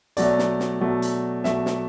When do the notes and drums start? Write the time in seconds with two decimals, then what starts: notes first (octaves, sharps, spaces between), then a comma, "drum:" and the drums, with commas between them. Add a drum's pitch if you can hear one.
0.17 B2 F#3 A3 D5, drum: hi-hat
0.39 drum: snare
0.60 drum: snare
0.81 B2 F#3 A3
1.02 drum: hi-hat
1.44 B2 F#3 A3 E5, drum: snare
1.66 drum: snare